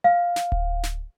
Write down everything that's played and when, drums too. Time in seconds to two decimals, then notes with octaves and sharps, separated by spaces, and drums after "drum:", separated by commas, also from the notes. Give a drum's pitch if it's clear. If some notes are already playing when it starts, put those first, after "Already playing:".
0.04 F5
0.36 drum: snare
0.52 drum: kick D1
0.83 drum: snare